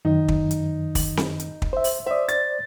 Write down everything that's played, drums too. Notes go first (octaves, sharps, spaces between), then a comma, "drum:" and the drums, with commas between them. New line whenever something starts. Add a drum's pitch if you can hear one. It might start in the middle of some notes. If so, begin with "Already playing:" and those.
F#2 D#3 D#4
drum: kick
drum: hi-hat
drum: kick, open hi-hat
drum: snare C4
drum: hi-hat
drum: kick
C5 E5
drum: open hi-hat
C5 D5 E5 D#6
A6, drum: hi-hat